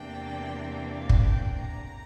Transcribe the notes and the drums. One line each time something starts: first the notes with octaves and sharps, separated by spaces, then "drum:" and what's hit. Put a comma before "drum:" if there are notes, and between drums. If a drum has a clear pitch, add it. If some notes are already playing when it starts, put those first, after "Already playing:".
Already playing: E2 C3 E3 A#3 D4 G5
F5
drum: kick
G5
A#5